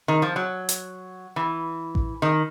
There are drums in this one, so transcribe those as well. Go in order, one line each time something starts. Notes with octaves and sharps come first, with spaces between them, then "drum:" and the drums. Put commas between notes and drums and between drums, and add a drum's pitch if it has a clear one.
D#3
F3
F#3
drum: hi-hat
E3
drum: kick A1
D#3